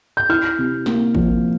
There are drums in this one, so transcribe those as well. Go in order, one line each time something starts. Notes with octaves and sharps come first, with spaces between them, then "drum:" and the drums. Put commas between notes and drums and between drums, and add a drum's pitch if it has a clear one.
G6
E4 F6
C3
A#3, drum: snare
F3, drum: kick G#1